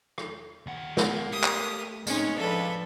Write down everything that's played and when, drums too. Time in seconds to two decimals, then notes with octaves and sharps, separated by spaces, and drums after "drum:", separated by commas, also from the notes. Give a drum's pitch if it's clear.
0.18 drum: rim click
0.67 D#2 F#5
0.97 G#3 A#3 B3, drum: snare
1.32 A3 G4 D#6
1.44 drum: clap
2.07 A2 G#3 A3 C4 C#4 D#4, drum: tambourine
2.38 F3 D4 A4 B4 D5 F5